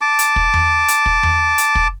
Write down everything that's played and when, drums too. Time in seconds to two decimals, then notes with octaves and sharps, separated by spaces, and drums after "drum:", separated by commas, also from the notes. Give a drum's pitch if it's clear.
0.01 A5 D6
0.19 drum: hi-hat
0.36 drum: kick
0.54 drum: tom E2
0.88 drum: hi-hat
1.06 drum: kick
1.23 drum: tom E2
1.58 drum: hi-hat
1.75 drum: kick